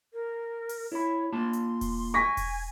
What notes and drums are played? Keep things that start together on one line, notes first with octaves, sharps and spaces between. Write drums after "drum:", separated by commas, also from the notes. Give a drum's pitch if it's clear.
A#4
drum: open hi-hat
E4 C#5 B5
A#3 F4 A5 C6
drum: hi-hat
drum: kick E1, open hi-hat
G#5 C#6 A#6 B6
drum: kick E1, open hi-hat